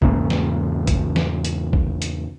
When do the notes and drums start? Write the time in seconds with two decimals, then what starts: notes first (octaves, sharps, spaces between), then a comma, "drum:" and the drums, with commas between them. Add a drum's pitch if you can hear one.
0.02 E2 G#2 C#3 A#3, drum: kick
0.30 drum: snare
0.87 drum: kick, hi-hat
1.16 drum: snare
1.45 drum: hi-hat
1.73 drum: kick
2.02 drum: hi-hat